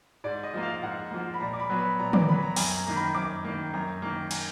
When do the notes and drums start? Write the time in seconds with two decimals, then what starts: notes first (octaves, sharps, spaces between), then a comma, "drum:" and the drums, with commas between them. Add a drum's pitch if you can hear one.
0.24 G#2 D5
0.43 D#5
0.54 F3 A#3
0.63 F5
0.82 G#2 F#5
1.11 F3 A#3
1.34 B5
1.40 A#2 A#5
1.53 D6
1.60 B5
1.69 F#3 B3
1.79 B5
1.99 A#2 A#5
2.13 D6, drum: tom
2.28 F#3 B3 B5
2.42 A#5
2.56 F#2 G#5, drum: open hi-hat
2.77 A#5
2.87 D#3 A#3
2.96 B5
3.14 F#2 D6
3.44 D#3 A#3
3.74 F#2 A#5
4.02 D#3 A#3
4.31 G#5, drum: cymbal